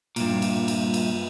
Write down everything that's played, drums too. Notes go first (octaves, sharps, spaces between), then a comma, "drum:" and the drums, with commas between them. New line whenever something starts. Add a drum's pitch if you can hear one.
G2 A#2, drum: cymbal
drum: cymbal
drum: cymbal
drum: cymbal